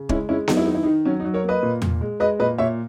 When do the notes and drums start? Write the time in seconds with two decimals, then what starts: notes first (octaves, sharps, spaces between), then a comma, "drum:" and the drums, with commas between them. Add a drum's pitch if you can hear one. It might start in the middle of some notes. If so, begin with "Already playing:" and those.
Already playing: C#3
0.09 G#3 C#4 E4, drum: kick
0.29 G#3 C#4 E4
0.48 F#3 D#4, drum: snare B3
0.57 E4
0.65 D#3 D#4
0.75 E4
0.83 D#4
0.86 D#3
1.05 F#3 C#4
1.20 D#4
1.25 F#3
1.34 A#4 C#5
1.43 A#3
1.49 B4 D#5
1.63 A#2
1.82 A#2, drum: tom E2
2.01 G#3
2.20 G#3 B4 D#5
2.39 A#2 B4 D#5
2.58 A#2 C#5 E5